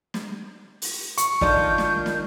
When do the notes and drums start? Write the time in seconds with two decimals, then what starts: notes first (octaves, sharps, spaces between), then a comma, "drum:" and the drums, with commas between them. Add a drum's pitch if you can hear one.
0.14 drum: snare
0.82 drum: open hi-hat
1.18 C#6, drum: hi-hat
1.41 D#3 D4 F4 A4 D5 D#5 G6, drum: kick
1.78 drum: snare
2.06 drum: snare